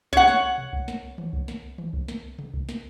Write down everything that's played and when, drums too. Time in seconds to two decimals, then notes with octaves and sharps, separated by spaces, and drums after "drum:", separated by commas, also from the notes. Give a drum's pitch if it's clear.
0.13 C#5 F#5, drum: kick C2
0.28 drum: snare
0.58 drum: tom B2
0.73 drum: kick C2
0.88 drum: snare
1.18 drum: tom D#3
1.33 drum: kick C2
1.48 drum: snare
1.78 drum: tom D#3
1.93 drum: kick C2
2.08 drum: snare
2.38 drum: tom C3
2.54 drum: kick C2
2.69 drum: snare